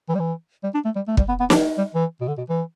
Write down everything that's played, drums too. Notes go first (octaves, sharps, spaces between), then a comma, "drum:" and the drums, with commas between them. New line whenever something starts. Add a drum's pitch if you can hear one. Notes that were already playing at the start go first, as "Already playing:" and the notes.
E3
G3
E3
G3
D4
A3
G3
A3
G3, drum: kick
B3
B3
D4, drum: snare
G3
E3
B2
D3
B2
E3